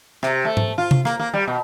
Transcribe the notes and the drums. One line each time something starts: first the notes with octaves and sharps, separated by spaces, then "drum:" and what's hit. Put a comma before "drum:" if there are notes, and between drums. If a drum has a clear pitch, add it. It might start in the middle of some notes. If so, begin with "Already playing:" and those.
C3, drum: rim click
A3
drum: tom G#2
F4
drum: tom C3
A#3, drum: rim click
A#3
G3
B2